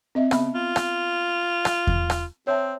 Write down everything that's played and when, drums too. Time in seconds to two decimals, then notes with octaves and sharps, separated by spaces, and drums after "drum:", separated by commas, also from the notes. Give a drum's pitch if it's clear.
0.15 C4 D#5 E5
0.31 C#3 B3 E5 B5, drum: rim click
0.54 F4
0.76 drum: rim click
1.65 drum: rim click
1.87 drum: kick E2
2.10 drum: rim click
2.47 C4 C#5 E5 A5